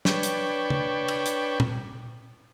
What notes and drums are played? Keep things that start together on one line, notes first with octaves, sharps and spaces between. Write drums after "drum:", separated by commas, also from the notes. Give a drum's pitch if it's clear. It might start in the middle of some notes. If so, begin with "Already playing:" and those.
D4 B4 C#5 G5, drum: snare
drum: hi-hat
drum: tom C#3
drum: cymbal
drum: hi-hat
drum: tom